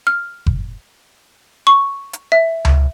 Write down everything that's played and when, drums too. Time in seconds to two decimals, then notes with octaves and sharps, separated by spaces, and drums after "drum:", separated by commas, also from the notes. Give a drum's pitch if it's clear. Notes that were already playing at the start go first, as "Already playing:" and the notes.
0.07 F6
0.46 drum: kick F#1
1.67 C#6
2.13 drum: hi-hat
2.32 E5
2.65 drum: tom C#2